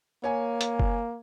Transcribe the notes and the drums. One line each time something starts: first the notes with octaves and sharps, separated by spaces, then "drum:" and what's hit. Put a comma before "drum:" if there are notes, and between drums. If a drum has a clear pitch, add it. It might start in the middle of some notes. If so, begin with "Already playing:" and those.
A#3 C#5 G#5
drum: hi-hat
drum: kick F#1